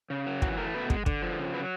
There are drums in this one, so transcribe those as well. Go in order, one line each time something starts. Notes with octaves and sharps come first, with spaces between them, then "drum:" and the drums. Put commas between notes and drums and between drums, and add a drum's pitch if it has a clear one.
C#3
F#3
E3 F#4, drum: kick
A3 A#4
B2 B4
G#3, drum: kick
D3, drum: kick
F3
C#3
F#3 B4